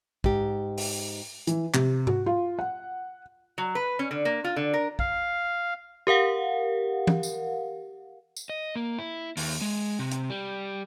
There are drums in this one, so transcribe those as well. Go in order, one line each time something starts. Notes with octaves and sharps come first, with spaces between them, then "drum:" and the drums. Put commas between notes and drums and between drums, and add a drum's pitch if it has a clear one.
G#2 G4, drum: kick
drum: open hi-hat
E3, drum: hi-hat
C3, drum: clap
F#4, drum: tom G#2
F4
F#5
F#3
B4
C#4
D3
A#3
F4
D3
A#4
F5, drum: kick
G4 A#4 F5 F#5
drum: tom E3
drum: tambourine
drum: tambourine
D#5
A#3
E4
D#2, drum: open hi-hat
G#3
C3
drum: hi-hat
G3